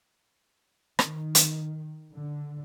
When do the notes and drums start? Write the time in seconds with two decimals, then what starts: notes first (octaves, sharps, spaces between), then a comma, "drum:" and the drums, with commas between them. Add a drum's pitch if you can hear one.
0.99 D#3, drum: rim click
1.35 drum: hi-hat
2.12 D3